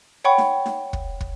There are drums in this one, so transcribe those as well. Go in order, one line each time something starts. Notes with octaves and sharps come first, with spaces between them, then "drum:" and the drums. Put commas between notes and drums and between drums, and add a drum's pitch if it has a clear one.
C#5 F#5 G5 B5 C#6
drum: snare D#4
drum: snare D#4
drum: kick
drum: kick